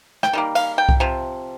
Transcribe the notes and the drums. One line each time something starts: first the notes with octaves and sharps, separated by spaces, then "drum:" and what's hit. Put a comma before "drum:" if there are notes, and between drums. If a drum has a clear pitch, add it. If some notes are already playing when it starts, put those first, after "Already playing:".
G5, drum: rim click
D#3 G3 A#3
F5, drum: cymbal
G5
drum: kick C2
C3 F3